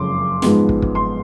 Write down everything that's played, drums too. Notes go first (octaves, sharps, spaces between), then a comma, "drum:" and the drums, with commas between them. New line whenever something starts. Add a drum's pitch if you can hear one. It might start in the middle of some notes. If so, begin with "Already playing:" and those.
Already playing: F#1 F2 C#3 C6 D6
G#2 F3 G#3 B3, drum: snare
drum: kick
drum: kick
C6